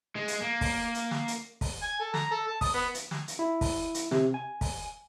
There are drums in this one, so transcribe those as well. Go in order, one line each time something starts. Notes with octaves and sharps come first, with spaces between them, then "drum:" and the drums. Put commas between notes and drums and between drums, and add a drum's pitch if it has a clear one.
G#3
drum: hi-hat
A#3
drum: kick, open hi-hat
drum: hi-hat
drum: snare
drum: hi-hat
drum: kick, open hi-hat
G#5
A4
A#5, drum: snare
A4
A5
D#6, drum: kick, open hi-hat
B3
drum: hi-hat
drum: snare
drum: hi-hat
E4
drum: kick, open hi-hat
drum: hi-hat
C3, drum: snare
G#5
drum: kick, open hi-hat